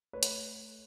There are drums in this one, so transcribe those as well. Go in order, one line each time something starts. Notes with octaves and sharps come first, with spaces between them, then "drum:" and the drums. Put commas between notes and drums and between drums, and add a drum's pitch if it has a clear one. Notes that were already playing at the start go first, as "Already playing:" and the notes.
A3 B4 C#5
drum: hi-hat